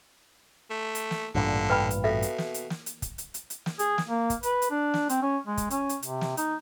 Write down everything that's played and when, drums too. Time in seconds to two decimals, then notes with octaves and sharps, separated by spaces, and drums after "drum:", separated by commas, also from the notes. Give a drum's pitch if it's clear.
0.70 A3
0.95 drum: hi-hat
1.11 drum: snare
1.35 A1 G2 A#2 D3
1.70 B4 G5 B5
1.90 drum: hi-hat
2.04 B2 A4 E5 F5
2.22 drum: hi-hat
2.38 drum: snare
2.54 drum: hi-hat
2.70 drum: snare
2.86 drum: hi-hat
3.02 drum: kick, hi-hat
3.18 drum: hi-hat
3.34 drum: hi-hat
3.50 drum: hi-hat
3.66 drum: snare
3.79 G#4, drum: hi-hat
3.98 drum: snare
4.09 A#3
4.30 drum: kick, hi-hat
4.43 B4, drum: hi-hat
4.62 drum: hi-hat
4.71 D4
4.94 drum: snare
5.09 C4, drum: hi-hat
5.22 C#4
5.47 G#3
5.57 drum: kick, hi-hat
5.70 C#4, drum: hi-hat
5.89 drum: hi-hat
6.02 C3, drum: hi-hat
6.21 drum: snare
6.37 D#4, drum: hi-hat